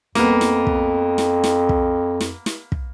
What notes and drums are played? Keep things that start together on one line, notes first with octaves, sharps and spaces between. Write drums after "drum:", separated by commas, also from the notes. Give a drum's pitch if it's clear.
F2 A#3 B3, drum: snare
drum: snare
drum: kick
drum: snare
drum: snare
drum: kick
drum: snare
drum: snare
drum: kick